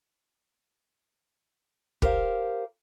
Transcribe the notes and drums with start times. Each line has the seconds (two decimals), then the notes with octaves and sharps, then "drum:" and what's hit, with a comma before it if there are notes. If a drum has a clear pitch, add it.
2.02 G4 A#4 C5 F5, drum: kick